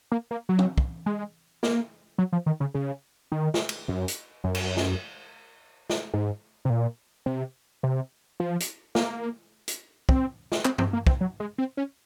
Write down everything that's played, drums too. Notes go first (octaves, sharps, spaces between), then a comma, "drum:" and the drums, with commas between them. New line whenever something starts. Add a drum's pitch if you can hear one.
A#3
A#3
F#3
drum: tom
drum: kick
G#3
A#3, drum: snare
F#3
F3
D#3
C#3
C#3
D#3
drum: snare
drum: cymbal
F#2
drum: hi-hat
F#2
drum: cymbal
drum: snare
drum: snare
G#2
C3
A#2
C3
C3
F3
drum: hi-hat
A#3, drum: snare
drum: hi-hat
C4, drum: kick
drum: snare
C4, drum: clap
C4, drum: tom G2
A#3
C4, drum: kick
F#3
G#3
C4
C#4